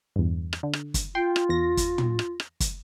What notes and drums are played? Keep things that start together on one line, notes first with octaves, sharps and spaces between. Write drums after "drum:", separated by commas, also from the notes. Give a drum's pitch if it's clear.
E2 G2
drum: rim click
D3
drum: rim click
drum: kick, hi-hat
F4 G5 C6
drum: rim click
E2 A#6
drum: kick, hi-hat
drum: tom
drum: rim click
drum: rim click
drum: kick, hi-hat